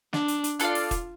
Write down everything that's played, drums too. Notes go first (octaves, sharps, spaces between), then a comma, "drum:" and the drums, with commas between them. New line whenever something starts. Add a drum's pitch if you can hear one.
D4, drum: snare
drum: hi-hat
drum: hi-hat
D4 F4 A4 D5 F5, drum: hi-hat
drum: open hi-hat
drum: kick, hi-hat